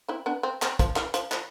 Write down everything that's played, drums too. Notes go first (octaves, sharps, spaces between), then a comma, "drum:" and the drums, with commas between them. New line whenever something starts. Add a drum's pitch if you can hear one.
C4 E4
B3 D4
C4
C4, drum: clap
F3, drum: kick, hi-hat
E3, drum: clap
F3, drum: hi-hat
F3, drum: clap